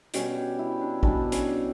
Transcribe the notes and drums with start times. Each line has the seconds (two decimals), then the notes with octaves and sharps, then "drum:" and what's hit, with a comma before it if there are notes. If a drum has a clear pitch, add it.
0.14 B2 G3 C#4 G4, drum: hi-hat
0.35 G4
0.59 E4
0.81 D4
1.03 B2 G3 C#4 D4, drum: kick A1
1.32 C#4, drum: hi-hat